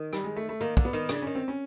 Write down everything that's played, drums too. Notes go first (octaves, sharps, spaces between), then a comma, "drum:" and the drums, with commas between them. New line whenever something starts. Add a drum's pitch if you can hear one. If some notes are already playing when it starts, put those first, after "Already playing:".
Already playing: D#3
G3, drum: rim click
G#3
A3
A3
D#3 A#3
D3, drum: kick
B3
D#3
C#3 D4, drum: rim click
D#3 C#4
C4
C#4